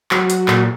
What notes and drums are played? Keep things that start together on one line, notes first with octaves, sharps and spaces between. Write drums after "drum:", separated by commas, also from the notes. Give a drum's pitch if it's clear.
F#3, drum: clap
drum: hi-hat
A#2, drum: clap